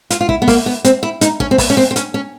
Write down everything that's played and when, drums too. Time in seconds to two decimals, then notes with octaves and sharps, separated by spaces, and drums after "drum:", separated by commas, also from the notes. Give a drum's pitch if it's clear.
0.10 F4, drum: hi-hat
0.21 F4
0.29 E4, drum: kick
0.42 B3
0.48 A#3, drum: kick, open hi-hat
0.66 B3
0.85 C4, drum: hi-hat
1.03 E4
1.21 D#4, drum: hi-hat
1.40 C#4, drum: kick
1.51 C4
1.58 B3, drum: kick, open hi-hat
1.70 C#4
1.77 C4
1.91 C4
1.96 C#4, drum: hi-hat
2.14 C#4